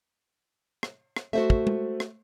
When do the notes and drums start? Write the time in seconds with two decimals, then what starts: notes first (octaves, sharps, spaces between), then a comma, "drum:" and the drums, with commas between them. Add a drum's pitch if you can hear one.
0.83 drum: rim click
1.16 drum: rim click
1.33 A3 F#4 C5 E5
1.50 drum: kick
1.67 drum: tom G#3
2.00 drum: rim click